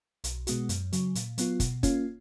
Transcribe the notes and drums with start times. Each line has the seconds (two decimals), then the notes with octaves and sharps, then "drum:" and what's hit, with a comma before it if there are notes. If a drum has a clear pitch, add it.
0.24 B1, drum: hi-hat
0.47 B2 G#3 B3 F#4, drum: hi-hat
0.69 F#2, drum: hi-hat
0.93 C#3 F#3, drum: hi-hat
1.15 A#2, drum: hi-hat
1.38 F#3 B3 F4, drum: hi-hat
1.60 B2, drum: kick, hi-hat
1.83 A#3 C#4 F4, drum: kick, hi-hat